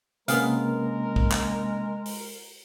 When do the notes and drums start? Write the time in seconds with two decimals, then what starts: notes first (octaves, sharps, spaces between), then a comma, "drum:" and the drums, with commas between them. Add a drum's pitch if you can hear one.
0.28 C3 G#3 A#3 B3 C#4 G#4 A#4 F5, drum: hi-hat
1.16 drum: kick
1.32 drum: clap
2.06 drum: open hi-hat